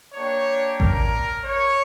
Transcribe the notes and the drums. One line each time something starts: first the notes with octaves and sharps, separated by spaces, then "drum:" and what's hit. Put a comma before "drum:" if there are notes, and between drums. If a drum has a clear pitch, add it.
A#3 D4 G4 C#5
A#4, drum: kick A1
C#5